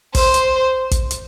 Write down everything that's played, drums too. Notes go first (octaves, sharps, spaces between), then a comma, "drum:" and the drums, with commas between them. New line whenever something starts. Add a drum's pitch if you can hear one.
C5, drum: kick, open hi-hat
drum: hi-hat
drum: kick, hi-hat
drum: hi-hat